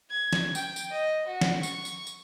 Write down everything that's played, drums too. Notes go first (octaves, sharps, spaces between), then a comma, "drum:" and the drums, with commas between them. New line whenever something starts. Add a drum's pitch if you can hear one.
G#6
drum: snare
G5, drum: tambourine
drum: tambourine
D#5
F#4
drum: snare
C#6, drum: tambourine
drum: tambourine
drum: tambourine